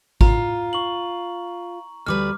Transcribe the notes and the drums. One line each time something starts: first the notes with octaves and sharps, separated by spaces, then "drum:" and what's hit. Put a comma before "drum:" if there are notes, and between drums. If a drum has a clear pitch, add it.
F4 A#5, drum: kick G#1
C#6 F#7
D2 G3 B4 D6 F6